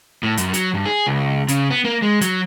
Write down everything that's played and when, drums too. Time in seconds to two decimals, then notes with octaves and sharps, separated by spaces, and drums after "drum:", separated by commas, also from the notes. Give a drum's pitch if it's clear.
0.23 A2
0.37 F#2, drum: hi-hat
0.54 F#3, drum: hi-hat
0.74 G2
0.85 G#4
1.07 C#2
1.48 C#3, drum: hi-hat
1.71 B3
1.85 A#3
2.02 G#3
2.21 F#3, drum: hi-hat